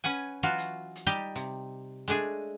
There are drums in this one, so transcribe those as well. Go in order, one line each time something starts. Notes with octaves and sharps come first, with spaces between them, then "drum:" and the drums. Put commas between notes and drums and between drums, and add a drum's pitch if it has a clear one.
C#4 B4 F#5 G#5
E3 F#3 F4 F#4
drum: hi-hat
drum: hi-hat
G3 D#4 G4 G5
C3, drum: hi-hat
G#3 A3 D4 G#4, drum: hi-hat